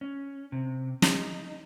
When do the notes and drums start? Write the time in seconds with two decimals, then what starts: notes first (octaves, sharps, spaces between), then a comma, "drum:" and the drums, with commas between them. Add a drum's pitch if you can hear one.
0.01 C#4
0.52 C3
1.02 D#4, drum: snare